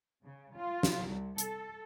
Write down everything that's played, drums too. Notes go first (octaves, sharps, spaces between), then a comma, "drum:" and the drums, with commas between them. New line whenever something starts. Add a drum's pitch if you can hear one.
C#3
F4
drum: snare
C2
A4, drum: hi-hat